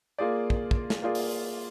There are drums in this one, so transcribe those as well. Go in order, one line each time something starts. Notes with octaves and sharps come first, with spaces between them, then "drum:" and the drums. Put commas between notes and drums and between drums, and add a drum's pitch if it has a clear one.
A#3 F4 G#4 D5
drum: kick
drum: kick
drum: snare
A#3 F4 G#4 D5
drum: open hi-hat